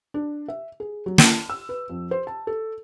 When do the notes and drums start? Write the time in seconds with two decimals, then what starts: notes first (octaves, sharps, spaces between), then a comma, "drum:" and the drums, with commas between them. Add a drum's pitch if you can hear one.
0.14 D4
0.48 E5
0.80 G#4
1.06 F#3
1.18 A5, drum: snare
1.50 E6
1.69 B4
1.90 F2
2.11 C5
2.27 A5
2.47 A4